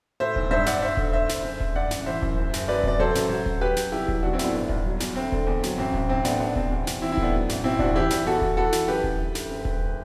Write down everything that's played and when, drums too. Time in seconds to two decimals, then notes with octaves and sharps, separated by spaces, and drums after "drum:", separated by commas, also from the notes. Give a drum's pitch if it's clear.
0.20 A2 C5 E5
0.36 B1, drum: kick D#1
0.51 G2 C5 E5
0.66 G2 D5 F#5, drum: snare
0.82 G1 C5 E5
0.97 D3, drum: kick D#1
1.13 D3 C5 E5
1.29 D2, drum: snare
1.44 F#1
1.61 F#1, drum: kick D#1
1.76 G2 D5 F#5
1.91 A1, drum: snare
2.06 E3 C5 E5
2.23 F#2, drum: kick D#1
2.37 F#1
2.53 F#1, drum: snare
2.68 F#3 B4 D5
2.84 C3 D5, drum: kick D#1
2.99 F#3 A4 C5
3.15 A1, drum: snare
3.30 F#3
3.46 F#3, drum: kick D#1
3.61 F#3 G4 B4
3.76 F#3, drum: snare
3.92 C2 E4 G4
4.08 F#3, drum: kick D#1
4.23 B1 D4 F#4
4.33 C4 E4
4.39 A2, drum: snare
4.44 B3 D4
4.54 G1
4.69 G1, drum: kick D#1
4.86 F#3
5.00 E2, drum: snare
5.16 D2 C4
5.32 D3, drum: kick D#1
5.47 E2
5.63 F#3, drum: snare
5.78 A1 C4
5.93 A1, drum: kick D#1
6.09 B1 C4
6.25 A2 B3 D4, drum: snare
6.40 B2 B3 D4
6.56 B2 C4, drum: kick D#1
6.71 E2
6.87 E2, drum: snare
7.02 E3 C4 E4
7.12 C4 E4
7.18 A2, drum: kick D#1
7.23 B3 D4
7.34 F#3
7.49 A1, drum: snare
7.64 B2 C4 E4
7.79 F#1 D4 F#4, drum: kick D#1
7.95 E3 E4 G4
8.10 E3, drum: snare
8.26 E2 F#4 A4
8.42 E2, drum: kick D#1
8.57 E3 F#4 A4
8.72 E3, drum: snare
8.88 F#2 G4 B4
9.04 F#2, drum: kick D#1
9.19 D2
9.35 D2, drum: snare
9.51 F#1
9.65 F#1, drum: kick D#1